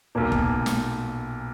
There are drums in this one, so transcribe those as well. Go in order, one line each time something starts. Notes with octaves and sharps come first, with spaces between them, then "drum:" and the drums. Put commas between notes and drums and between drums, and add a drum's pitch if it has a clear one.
B1 A#2 A#3
drum: kick
drum: snare